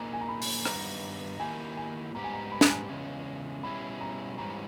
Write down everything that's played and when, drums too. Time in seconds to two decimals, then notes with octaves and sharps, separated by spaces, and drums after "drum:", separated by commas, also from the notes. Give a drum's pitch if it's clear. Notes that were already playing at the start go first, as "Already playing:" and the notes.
Already playing: A#2 A#3 D#4 G#4 A#5
0.13 G#5
0.21 A#5
0.28 B5
0.42 drum: open hi-hat
0.65 G2 D#3 G3 B3 D#4 A#5, drum: rim click
1.40 D#3 A#3 E4 G4 G#5
1.77 G#5
2.15 G#2 G3 B3 G4 A#5
2.24 G#5
2.33 A#5
2.52 B5
2.61 A#5, drum: snare
2.70 G#5
2.89 E2 C#3 G#3
3.63 B2 G3 C#4 E4 G#4 B5
4.01 A#5
4.38 G#2 E3 G3 C#4 A#5